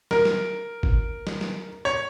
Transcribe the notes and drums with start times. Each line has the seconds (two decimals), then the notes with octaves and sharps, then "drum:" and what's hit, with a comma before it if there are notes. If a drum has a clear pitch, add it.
0.11 A#4, drum: snare
0.25 drum: snare
0.83 drum: kick
1.27 drum: snare
1.41 drum: snare
1.85 C#5